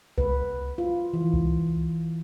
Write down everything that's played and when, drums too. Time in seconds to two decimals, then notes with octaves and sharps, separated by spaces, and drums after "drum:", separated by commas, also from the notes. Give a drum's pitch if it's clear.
0.18 B4, drum: kick C2
0.78 F4
1.13 E3
1.33 drum: kick C2